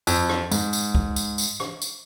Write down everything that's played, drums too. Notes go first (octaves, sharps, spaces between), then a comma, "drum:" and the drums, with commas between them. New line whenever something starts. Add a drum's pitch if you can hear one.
F2, drum: tambourine
drum: rim click
G#2, drum: tambourine
drum: tambourine
drum: kick
drum: tambourine
drum: tambourine
drum: rim click
drum: tambourine